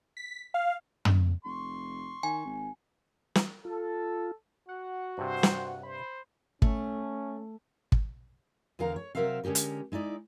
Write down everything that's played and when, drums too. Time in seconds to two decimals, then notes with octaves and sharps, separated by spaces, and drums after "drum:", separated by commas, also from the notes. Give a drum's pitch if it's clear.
0.17 B6
0.54 F5
1.05 drum: tom
1.45 F1 C6 C#6
2.23 D#3 G#5
2.45 G#1
3.35 drum: snare
3.65 F4 A4
4.69 F#4 F#5
5.18 G2 C3 C5
5.43 drum: snare
5.83 C5 B5
6.62 A3 C#4, drum: kick
7.92 drum: kick
8.79 E2 D3 A#4 F5 A#5
8.96 C#5
9.15 C3 F#3 A#4 C5 E5 F5
9.44 D3 G#3 C#4 G4 A#4
9.55 drum: hi-hat
9.92 G#3 D#4 E4 D5